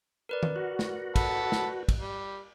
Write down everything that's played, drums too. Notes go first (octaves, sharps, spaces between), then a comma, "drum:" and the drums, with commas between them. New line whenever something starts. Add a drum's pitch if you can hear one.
A#4 B4 D5
drum: tom D#3
F#4
drum: snare
A4 F#5 B5, drum: kick, cymbal
drum: snare
drum: kick, cymbal
G3